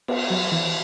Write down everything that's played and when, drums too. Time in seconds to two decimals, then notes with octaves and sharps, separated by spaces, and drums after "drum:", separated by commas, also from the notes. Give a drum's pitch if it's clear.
0.08 B3, drum: cymbal
0.30 F#3
0.52 E3